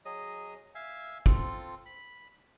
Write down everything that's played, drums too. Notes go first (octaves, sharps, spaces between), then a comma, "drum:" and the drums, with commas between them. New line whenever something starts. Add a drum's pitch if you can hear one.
F#3 G#4 D#5
E5 F5 G#5
C4 F4 A4, drum: kick
B5